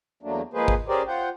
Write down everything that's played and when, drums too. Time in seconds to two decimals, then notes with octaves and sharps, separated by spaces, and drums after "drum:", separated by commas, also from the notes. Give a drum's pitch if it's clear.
0.23 E2 F#3 A3 A#3 D4
0.53 F3 G#3 A#3 G#4 B4 C5
0.68 drum: kick G#1
0.88 C#4 G4 G#4 A#4 C5 D5
1.07 F4 C5 F#5 G5